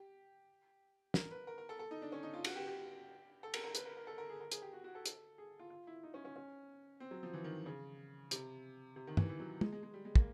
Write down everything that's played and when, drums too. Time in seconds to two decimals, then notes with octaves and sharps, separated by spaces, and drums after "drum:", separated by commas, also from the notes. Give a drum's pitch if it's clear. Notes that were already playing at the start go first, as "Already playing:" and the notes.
Already playing: G4
1.14 A#4, drum: snare
1.31 B4
1.47 A#4
1.58 A#4
1.69 A4
1.79 A4
1.91 D#4
2.02 D4
2.12 C#4
2.23 D#4
2.34 F4
2.45 F#4, drum: cymbal
2.56 G4
2.67 G4
3.43 A4
3.54 A#4, drum: cymbal
3.64 A#4
3.75 B4, drum: hi-hat
3.86 A#4
3.97 A#4
4.07 A4
4.18 A#4
4.30 G#4
4.40 A#4
4.52 G#4, drum: hi-hat
4.62 G4
4.73 F#4
4.84 F#4
4.95 A4
5.06 drum: hi-hat
5.38 G#4
5.59 F4
5.70 F4
5.87 E4
6.03 D#4
6.14 C#4
6.25 C#4
6.36 C#4
7.00 C4
7.11 F#3
7.23 F3
7.33 E3
7.44 D#3
7.66 C#3
8.31 C3, drum: hi-hat
8.96 C3
9.07 D#3
9.17 E3, drum: tom
9.29 E3
9.40 F#3
9.61 G#3, drum: tom
9.72 G#3
9.83 G#3
9.94 G3
10.05 G#3
10.16 A#3, drum: kick